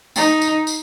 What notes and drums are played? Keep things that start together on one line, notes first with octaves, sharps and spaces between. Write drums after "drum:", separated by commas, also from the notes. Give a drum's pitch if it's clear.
D#4, drum: tambourine
drum: tambourine
drum: tambourine